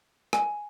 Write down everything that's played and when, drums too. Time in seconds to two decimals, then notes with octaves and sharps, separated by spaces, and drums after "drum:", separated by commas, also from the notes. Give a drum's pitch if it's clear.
0.33 G#5, drum: rim click